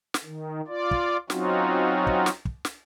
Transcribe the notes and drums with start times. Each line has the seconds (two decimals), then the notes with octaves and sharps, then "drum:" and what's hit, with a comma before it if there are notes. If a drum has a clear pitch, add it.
0.14 drum: snare
0.25 D#3
0.67 F4 D5
0.91 drum: kick
1.30 F#3 C4 C#4 D#4 F4 F#4, drum: snare
2.07 drum: kick
2.26 drum: snare
2.45 drum: kick
2.65 drum: snare